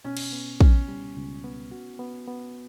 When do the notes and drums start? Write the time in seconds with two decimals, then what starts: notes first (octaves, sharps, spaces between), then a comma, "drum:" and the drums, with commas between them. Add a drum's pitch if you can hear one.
0.04 B2 C#4
0.17 drum: cymbal
0.32 B3
0.61 C#2 C#4, drum: kick A#1
0.88 G3
1.16 C#2
1.44 B3
1.71 F#4
1.99 B3
2.27 B3